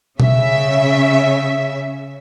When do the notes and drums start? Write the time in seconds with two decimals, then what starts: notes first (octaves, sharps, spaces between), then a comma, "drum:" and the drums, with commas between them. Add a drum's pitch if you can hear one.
0.20 C#3 E5, drum: tom B2